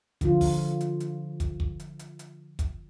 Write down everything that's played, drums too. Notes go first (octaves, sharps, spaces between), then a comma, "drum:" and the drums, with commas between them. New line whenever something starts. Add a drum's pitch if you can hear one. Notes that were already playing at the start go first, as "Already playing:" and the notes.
D3 F3 F4, drum: kick, hi-hat
drum: kick, open hi-hat
drum: hi-hat
drum: hi-hat
drum: kick, hi-hat
drum: kick
drum: hi-hat
drum: hi-hat
drum: hi-hat
drum: kick, hi-hat